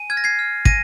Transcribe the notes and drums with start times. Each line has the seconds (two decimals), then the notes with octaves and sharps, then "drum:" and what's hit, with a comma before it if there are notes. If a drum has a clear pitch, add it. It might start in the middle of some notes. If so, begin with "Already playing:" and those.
Already playing: G#5 D#7
0.10 F6 G#6
0.17 A#6
0.24 G#6 C7
0.39 F6
0.65 G#5 A#6 D#7, drum: kick